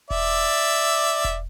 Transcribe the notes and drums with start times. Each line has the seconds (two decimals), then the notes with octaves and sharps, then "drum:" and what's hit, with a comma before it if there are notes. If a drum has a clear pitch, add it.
0.10 D5 E5, drum: kick E1
1.24 drum: kick E1